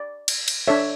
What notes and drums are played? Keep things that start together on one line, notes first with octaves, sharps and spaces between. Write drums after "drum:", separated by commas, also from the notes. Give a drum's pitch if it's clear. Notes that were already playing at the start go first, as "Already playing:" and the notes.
Already playing: D5
drum: cymbal
drum: cymbal
D4 A4 C#5 E5